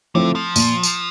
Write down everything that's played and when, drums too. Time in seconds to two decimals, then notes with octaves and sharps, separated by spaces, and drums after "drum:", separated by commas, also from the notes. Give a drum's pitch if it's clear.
0.15 D3 F3 A3 C4 E4
0.35 F3
0.56 A#2, drum: tambourine
0.83 drum: tambourine